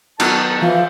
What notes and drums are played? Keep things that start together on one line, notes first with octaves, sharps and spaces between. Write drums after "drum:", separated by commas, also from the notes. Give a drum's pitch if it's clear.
D#3 F#3 B3 A5, drum: cymbal
E3 F3 F5